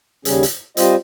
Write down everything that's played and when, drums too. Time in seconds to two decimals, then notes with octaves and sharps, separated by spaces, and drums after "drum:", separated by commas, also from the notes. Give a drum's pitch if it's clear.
0.25 D#2 C#3 G3 C#4 G#4, drum: hi-hat
0.43 drum: hi-hat
0.77 G3 C4 F4 C5 D#5, drum: hi-hat